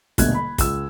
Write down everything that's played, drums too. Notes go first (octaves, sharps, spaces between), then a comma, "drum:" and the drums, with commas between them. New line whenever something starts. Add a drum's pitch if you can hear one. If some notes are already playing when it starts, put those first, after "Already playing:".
D#1 B2 D3 A3 F#6 G#6, drum: kick, hi-hat
B5
C#2 E6, drum: kick, hi-hat